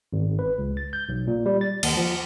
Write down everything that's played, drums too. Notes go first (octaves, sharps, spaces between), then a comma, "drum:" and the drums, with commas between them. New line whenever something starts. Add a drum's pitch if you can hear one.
G#1
B4
C#2
A6
G6
B1
A#2
G3
A6
D#2, drum: cymbal
F3